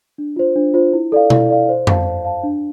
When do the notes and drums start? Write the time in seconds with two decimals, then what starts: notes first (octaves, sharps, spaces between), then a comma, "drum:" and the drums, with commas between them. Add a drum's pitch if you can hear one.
0.18 D4
0.36 F4 C5
0.56 D4
0.74 F4 C5
0.93 E4
1.12 A4 D5 F5
1.30 E4, drum: tom B2
1.50 A4 D5 F5
1.69 C5
1.87 F5 A5, drum: tom F2
2.06 C5
2.25 F5 A5
2.43 D4